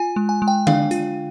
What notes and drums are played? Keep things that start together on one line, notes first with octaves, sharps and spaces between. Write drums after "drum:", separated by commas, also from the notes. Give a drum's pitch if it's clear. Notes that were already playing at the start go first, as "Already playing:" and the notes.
Already playing: F4 G#5
G#3
G#5
G#3
G5
D4 F5, drum: tom D3
F4, drum: hi-hat